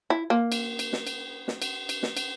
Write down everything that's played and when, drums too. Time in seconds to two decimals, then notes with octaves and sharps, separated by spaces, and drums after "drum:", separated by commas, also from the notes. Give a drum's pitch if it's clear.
0.10 E4
0.30 A#3
0.52 drum: cymbal
0.79 drum: cymbal
0.93 drum: snare
1.07 drum: cymbal
1.48 drum: snare
1.62 drum: cymbal
1.89 drum: cymbal
2.03 drum: snare
2.17 drum: cymbal